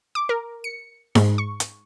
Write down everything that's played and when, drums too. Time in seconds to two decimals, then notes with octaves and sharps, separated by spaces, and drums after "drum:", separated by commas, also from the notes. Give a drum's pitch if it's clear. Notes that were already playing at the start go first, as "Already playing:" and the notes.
0.15 D6
0.29 A#4
0.64 C#7
1.15 G#2, drum: snare D#4
1.38 C#6
1.60 drum: hi-hat